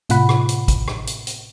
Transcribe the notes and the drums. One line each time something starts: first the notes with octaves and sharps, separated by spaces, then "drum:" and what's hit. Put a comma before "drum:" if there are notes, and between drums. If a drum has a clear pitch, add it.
A2 C3 F4 F#5 B5, drum: hi-hat
drum: rim click
drum: hi-hat
drum: kick, hi-hat
drum: rim click
drum: hi-hat
drum: hi-hat